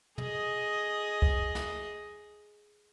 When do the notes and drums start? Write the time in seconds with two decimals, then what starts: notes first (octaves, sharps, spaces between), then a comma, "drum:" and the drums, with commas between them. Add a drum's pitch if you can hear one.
0.18 G#4 D#5, drum: tom
1.22 drum: kick
1.55 drum: snare